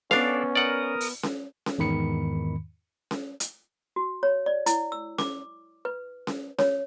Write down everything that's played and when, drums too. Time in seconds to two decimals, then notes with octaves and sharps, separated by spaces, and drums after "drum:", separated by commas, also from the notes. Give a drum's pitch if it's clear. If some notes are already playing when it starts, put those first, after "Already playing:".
0.11 B3 C#4 D4 A4 D5 F5, drum: snare C#4
0.55 A#4 D5 F#5 D#6
1.01 drum: open hi-hat
1.23 drum: snare C#4
1.66 drum: snare C#4
1.78 E2 G#2 D#3 B5 C#7
3.11 drum: snare C#4
3.40 drum: hi-hat
3.96 F#4
4.23 C#5
4.46 D5
4.66 E4, drum: hi-hat
4.92 E6
5.18 D6, drum: snare C#4
5.85 B4
6.27 drum: snare C#4
6.58 C#5, drum: snare C#4